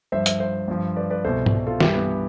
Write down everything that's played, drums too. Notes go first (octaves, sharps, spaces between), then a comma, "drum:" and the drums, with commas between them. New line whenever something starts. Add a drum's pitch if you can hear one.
G2 F3 C5 E5
C5 E5, drum: hi-hat
C5 E5
G2 F3
B4 D5
B4 D5
C2 B2 A4 C5
drum: tom G#2
F4 A4
G2 E3 E4 G4, drum: snare
B3